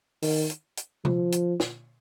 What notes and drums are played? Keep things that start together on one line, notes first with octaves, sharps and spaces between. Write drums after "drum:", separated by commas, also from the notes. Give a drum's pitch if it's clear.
D#3, drum: open hi-hat
drum: hi-hat
drum: hi-hat
F3, drum: tom C3
drum: hi-hat
drum: snare